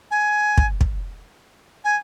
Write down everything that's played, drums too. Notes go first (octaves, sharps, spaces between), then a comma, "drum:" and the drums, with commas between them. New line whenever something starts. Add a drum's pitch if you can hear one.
G#5
drum: kick
drum: kick
G#5